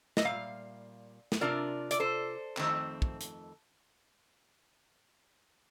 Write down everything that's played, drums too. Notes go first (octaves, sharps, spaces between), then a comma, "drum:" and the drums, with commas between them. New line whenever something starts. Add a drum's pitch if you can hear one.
D#5, drum: snare
A#2 G3 F5
drum: snare
C3 G3 D4 F4 A#4 D5
D5, drum: hi-hat
A4 C5
F2 D#3 A3 C4, drum: clap
drum: kick
drum: hi-hat